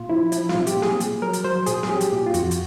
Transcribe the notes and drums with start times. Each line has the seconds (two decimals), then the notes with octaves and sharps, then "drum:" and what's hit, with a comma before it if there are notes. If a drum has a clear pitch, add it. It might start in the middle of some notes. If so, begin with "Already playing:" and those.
Already playing: A#2 F4
0.09 F3 E4
0.32 F3 E4, drum: hi-hat
0.49 F4, drum: snare
0.54 A#2
0.67 G4, drum: hi-hat
0.77 A#2
0.82 G#4, drum: snare
1.00 A#2, drum: hi-hat
1.22 F#3 A#4
1.33 drum: hi-hat
1.44 F#3 C5
1.66 A#2 G#4, drum: hi-hat
1.83 G#4, drum: snare
1.89 F#3 G4
2.01 drum: hi-hat
2.12 A#2 G4
2.26 F4
2.34 F2 F#4, drum: hi-hat
2.51 drum: hi-hat